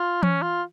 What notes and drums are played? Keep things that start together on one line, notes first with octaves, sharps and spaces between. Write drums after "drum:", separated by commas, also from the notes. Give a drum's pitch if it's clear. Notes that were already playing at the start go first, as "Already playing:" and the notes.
Already playing: F4
C#4, drum: tom E3
F4